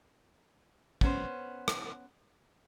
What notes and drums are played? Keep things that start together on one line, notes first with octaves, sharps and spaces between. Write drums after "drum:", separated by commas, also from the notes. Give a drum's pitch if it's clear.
B3 C#4 C5, drum: kick
drum: rim click